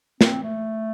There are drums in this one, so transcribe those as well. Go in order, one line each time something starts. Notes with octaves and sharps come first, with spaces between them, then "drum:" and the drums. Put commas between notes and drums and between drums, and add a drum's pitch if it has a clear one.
C4, drum: snare
A3